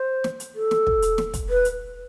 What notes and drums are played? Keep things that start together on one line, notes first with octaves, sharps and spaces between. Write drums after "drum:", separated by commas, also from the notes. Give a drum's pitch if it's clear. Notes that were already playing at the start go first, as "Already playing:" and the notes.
Already playing: C5
drum: snare
drum: hi-hat
A4
drum: snare
drum: kick
drum: hi-hat
drum: snare
drum: kick, hi-hat
B4
drum: hi-hat